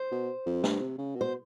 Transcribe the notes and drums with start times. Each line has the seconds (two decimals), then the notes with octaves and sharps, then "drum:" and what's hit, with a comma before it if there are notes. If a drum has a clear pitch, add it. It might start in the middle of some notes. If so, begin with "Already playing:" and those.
Already playing: C5
0.12 B2
0.46 F2
0.64 G2, drum: snare
0.80 C3
0.98 C#3
1.16 B2
1.21 C5